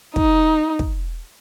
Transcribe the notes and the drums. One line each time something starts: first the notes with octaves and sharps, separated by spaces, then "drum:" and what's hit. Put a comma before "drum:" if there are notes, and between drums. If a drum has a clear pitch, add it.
D#4, drum: kick
drum: kick